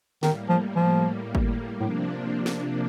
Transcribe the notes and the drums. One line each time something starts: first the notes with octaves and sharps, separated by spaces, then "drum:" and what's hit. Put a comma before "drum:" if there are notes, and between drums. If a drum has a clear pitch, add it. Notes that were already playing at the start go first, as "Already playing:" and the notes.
A2 D#3 G3 A#3, drum: snare
F3
F3
drum: kick
A2 C3 F3 A#3 D4
drum: snare